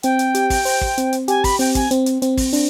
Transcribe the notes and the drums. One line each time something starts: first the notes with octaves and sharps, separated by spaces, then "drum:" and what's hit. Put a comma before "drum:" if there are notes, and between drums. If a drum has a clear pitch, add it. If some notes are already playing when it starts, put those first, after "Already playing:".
C4 G5, drum: hi-hat
drum: hi-hat
G4, drum: hi-hat
drum: kick, open hi-hat
C5, drum: open hi-hat
drum: kick
C4, drum: hi-hat
drum: hi-hat
G4 G#5, drum: hi-hat
B5, drum: kick, open hi-hat
C4 G5, drum: open hi-hat
G#5, drum: kick, hi-hat
C4, drum: hi-hat
drum: hi-hat
C4, drum: hi-hat
drum: kick, open hi-hat
D4, drum: open hi-hat